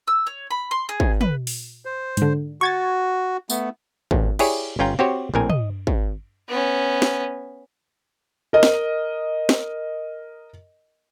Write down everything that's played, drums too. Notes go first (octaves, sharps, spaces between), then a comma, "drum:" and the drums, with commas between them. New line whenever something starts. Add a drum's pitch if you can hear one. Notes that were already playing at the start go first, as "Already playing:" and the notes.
E6
C#5
B5
C6
G#4
drum: kick
B4, drum: tom
drum: open hi-hat
C5
G#2 D3, drum: hi-hat
F#4 C#6 G#6 A6
A3 B3, drum: tambourine
A1, drum: kick
E4 G4 G#4 C#5 D5, drum: cymbal
G1 C#4 F4 G5 A#5
C4 F#4 G4 C5 C#5
A#1 A2 C4 A#4 G#5
D#5, drum: tom
drum: kick
B3 C#4
drum: snare
A#4 D#5
drum: snare
drum: snare